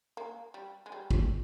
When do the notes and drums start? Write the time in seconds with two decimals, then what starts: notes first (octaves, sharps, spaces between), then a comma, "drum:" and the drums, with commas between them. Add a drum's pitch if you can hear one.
0.17 A#3
0.54 G3
0.86 G#3
0.92 G3
1.11 drum: kick